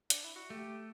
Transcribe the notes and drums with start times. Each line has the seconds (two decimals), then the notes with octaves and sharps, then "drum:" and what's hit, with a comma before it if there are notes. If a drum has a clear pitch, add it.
0.10 D4, drum: hi-hat
0.24 E4
0.36 F#4
0.50 A3 G4